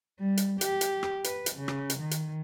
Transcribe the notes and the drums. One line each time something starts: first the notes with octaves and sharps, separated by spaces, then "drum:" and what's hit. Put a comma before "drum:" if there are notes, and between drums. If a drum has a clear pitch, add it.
G3
drum: hi-hat
G4, drum: hi-hat
drum: hi-hat
drum: rim click
B4, drum: hi-hat
drum: hi-hat
C#3
drum: rim click
drum: hi-hat
D#3
drum: hi-hat